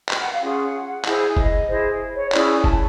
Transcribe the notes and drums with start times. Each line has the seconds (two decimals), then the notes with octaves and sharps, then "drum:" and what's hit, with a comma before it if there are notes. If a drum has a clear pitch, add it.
0.09 G5, drum: clap
0.22 F#5
0.34 F5
0.41 C#4 F4 G#4 F#5
1.04 E4 G#4 C5, drum: clap
1.37 D#5, drum: kick F1
1.68 E4 G#4 C5
2.16 C#5
2.32 C#4 E4 G#4 D5, drum: clap
2.48 G#5
2.64 A5, drum: kick F1